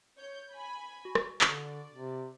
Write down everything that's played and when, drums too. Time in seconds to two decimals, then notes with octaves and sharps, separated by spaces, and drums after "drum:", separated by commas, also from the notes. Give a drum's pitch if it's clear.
0.17 C#5 G6
0.53 G#5 B5
1.05 F#4
1.15 drum: rim click
1.41 D3 D5, drum: clap
1.93 C3